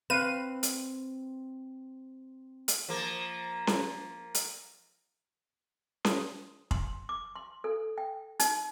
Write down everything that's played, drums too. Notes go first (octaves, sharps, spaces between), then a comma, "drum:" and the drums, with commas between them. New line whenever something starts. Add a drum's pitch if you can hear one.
C4 B4 F5 D#7
drum: hi-hat
drum: hi-hat
F3 A#3
drum: snare C#4
drum: hi-hat
D#6, drum: snare C#4
C6, drum: kick
D6
C6
A4
G5
D#4, drum: hi-hat